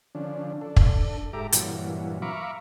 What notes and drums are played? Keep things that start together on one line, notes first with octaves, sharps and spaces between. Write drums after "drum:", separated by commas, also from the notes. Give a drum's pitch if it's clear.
D3 F3 C#4 D4
D4 A4
drum: kick
G#2 G4 A4 E5 A#5 D6
G2 A#2 E3 F#3, drum: hi-hat
E5 F5 A#5 B5 C#6 D6